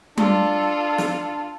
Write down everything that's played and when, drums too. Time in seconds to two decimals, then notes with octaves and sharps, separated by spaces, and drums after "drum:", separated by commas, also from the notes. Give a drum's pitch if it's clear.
0.17 D4 F4 A4, drum: tom G3
0.98 drum: snare